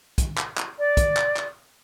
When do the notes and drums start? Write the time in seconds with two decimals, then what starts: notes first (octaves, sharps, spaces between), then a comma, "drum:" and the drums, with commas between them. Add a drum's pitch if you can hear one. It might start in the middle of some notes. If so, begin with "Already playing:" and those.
0.18 drum: kick, hi-hat
0.38 drum: clap
0.57 drum: clap
0.77 D5
0.97 drum: kick, hi-hat
1.17 drum: clap
1.37 drum: clap